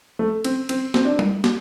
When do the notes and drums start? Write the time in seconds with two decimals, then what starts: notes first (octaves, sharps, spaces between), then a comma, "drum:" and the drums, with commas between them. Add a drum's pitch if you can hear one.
0.19 A3
0.44 C4, drum: cymbal
0.69 C4, drum: cymbal
0.94 C4, drum: snare
1.05 D4
1.19 drum: tom G3
1.44 drum: snare